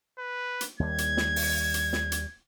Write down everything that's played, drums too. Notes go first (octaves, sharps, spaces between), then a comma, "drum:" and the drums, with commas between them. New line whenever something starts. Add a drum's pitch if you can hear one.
B4
drum: hi-hat
D#2 G3 G#6
drum: hi-hat
drum: snare
drum: open hi-hat
drum: hi-hat
drum: snare
drum: hi-hat